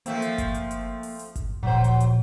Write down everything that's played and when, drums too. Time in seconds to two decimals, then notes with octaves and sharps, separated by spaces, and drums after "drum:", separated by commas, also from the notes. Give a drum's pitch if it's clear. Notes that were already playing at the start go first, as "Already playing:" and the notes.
0.06 F3 A3 A#3 C4, drum: hi-hat
0.22 drum: hi-hat
0.38 drum: kick G1, hi-hat
0.54 drum: hi-hat
0.71 drum: hi-hat
1.03 drum: open hi-hat
1.19 drum: hi-hat
1.36 drum: kick G1, hi-hat
1.63 D1 A#2 F3 F#3 C5
1.84 drum: hi-hat
2.00 drum: hi-hat